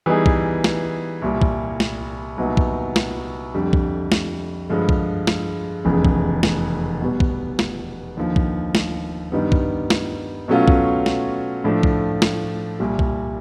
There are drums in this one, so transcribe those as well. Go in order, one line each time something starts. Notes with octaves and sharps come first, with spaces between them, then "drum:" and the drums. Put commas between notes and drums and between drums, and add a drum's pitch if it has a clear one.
E3 G3 B3 D#4 G#4
drum: kick
drum: snare
C2 A#2 G3
drum: kick
drum: snare
C2 A#2 F#3 B3 D#4
drum: kick
drum: snare
F2 D3 G3
drum: kick
drum: snare
G2 D3 F3 G#3
drum: kick
drum: snare
F1 E2 C#3
drum: kick
drum: snare
B2 G3 B3
drum: kick
drum: snare
D#2 D3 F3
drum: kick
drum: snare
G2 D#3 G3 B3
drum: kick
drum: snare
B2 F#3 A3 C#4 F4
drum: kick
drum: snare
A2 F3 A3 D4
drum: kick
drum: snare
C2 A#2 G3
drum: kick